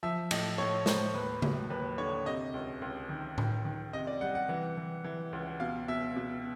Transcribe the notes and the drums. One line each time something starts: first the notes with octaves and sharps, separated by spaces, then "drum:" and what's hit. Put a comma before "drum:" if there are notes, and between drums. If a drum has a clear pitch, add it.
F3 E5
A2 D#5, drum: cymbal
A2 C#5
A2 C5, drum: snare
D#2 B4
F#3, drum: tom C#3
D#2 B4
D3 C#5
C3 D#5
C#2
C#2
D#3
D#3, drum: tom A2
D#3
C3 D#5
D5
G3 F#5
F#5
E3
E3
E3
C#2
B2 F5
B2 E5
B2